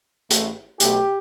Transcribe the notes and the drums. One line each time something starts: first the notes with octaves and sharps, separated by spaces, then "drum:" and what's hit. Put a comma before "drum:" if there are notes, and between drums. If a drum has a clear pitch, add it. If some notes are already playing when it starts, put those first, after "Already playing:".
A1 A2 A3, drum: hi-hat
B1 B2 A3 G4, drum: hi-hat